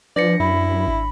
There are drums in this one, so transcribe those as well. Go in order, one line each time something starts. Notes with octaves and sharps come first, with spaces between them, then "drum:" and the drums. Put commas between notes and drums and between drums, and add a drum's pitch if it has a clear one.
F3 D4 B4 D5 A#6 C#7
F#2 E4 B5
drum: kick G#1